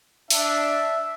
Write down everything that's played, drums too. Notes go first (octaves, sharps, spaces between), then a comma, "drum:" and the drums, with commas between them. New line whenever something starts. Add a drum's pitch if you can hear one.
D4 E5, drum: open hi-hat